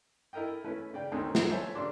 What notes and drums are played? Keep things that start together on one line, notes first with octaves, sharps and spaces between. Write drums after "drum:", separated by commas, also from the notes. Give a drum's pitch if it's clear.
E4 A4 A#4 D#5 G5
A3 C#4 E4 B4
C#3 D5 G5
D2 D#3 A3 A#3 C4 C#4
drum: snare
A4 C5 C#5 E5 G#5 A5
A1 C#3 A#3 D4 C6 D6